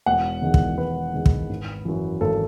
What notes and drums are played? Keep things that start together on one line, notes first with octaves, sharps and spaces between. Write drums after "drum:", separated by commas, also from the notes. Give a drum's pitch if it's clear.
E1 F#5
E2 D#3 G#3
drum: kick
E1 B4
E2 D#3 G#3
drum: kick
G#1
F#2 E3
G#1 A4